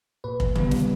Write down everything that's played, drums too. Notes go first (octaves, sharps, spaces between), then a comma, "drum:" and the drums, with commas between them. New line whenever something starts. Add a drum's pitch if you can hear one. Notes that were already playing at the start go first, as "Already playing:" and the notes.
A#2 B4
drum: kick
G3 B3, drum: tom C#3
drum: snare